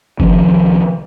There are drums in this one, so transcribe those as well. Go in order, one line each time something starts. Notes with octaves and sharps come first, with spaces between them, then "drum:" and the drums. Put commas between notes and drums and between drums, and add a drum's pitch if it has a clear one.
C2 D#3 F3 C#4, drum: kick F#1